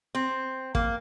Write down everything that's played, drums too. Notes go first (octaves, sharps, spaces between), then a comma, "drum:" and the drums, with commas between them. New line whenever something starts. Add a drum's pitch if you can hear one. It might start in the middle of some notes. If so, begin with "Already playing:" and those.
C4
A#3, drum: kick